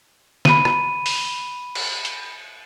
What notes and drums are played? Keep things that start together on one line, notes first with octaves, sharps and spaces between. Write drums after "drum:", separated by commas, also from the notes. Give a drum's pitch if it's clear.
B5 D#7, drum: snare
drum: rim click
drum: open hi-hat
drum: cymbal
drum: hi-hat